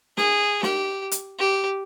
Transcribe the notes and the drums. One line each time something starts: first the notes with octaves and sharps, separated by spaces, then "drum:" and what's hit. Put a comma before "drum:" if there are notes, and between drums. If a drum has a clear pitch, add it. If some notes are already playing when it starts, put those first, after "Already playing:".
G#4, drum: snare
G4, drum: snare
drum: hi-hat
G4